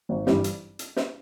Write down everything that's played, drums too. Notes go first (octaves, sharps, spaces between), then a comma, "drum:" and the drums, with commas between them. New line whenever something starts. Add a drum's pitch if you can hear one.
G#1
G2 E3 G3, drum: snare
drum: hi-hat
drum: hi-hat
drum: snare